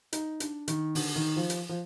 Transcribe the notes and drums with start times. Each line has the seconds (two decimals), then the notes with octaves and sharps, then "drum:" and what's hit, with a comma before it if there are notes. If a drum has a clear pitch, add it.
0.13 D#4, drum: hi-hat
0.40 D4, drum: hi-hat
0.68 D#3, drum: hi-hat
0.95 D3, drum: open hi-hat
1.16 D#3
1.36 F3
1.50 drum: hi-hat
1.69 F3